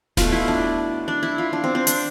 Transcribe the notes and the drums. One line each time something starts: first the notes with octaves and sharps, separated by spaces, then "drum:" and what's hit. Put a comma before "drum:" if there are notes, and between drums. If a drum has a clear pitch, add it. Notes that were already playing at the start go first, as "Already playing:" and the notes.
B2 A3 F4, drum: snare D#1
E4
D4
D4
E4
F4
D4
C4
C4
D4, drum: hi-hat